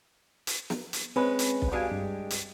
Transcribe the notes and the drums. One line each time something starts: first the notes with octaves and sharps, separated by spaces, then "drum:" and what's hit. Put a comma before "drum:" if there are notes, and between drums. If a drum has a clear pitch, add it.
drum: hi-hat
drum: snare
drum: hi-hat
G#3 C4 C#4 B4
drum: hi-hat
drum: kick B1
G#3 D4 F#4 G4 F5 G#5
G2
drum: hi-hat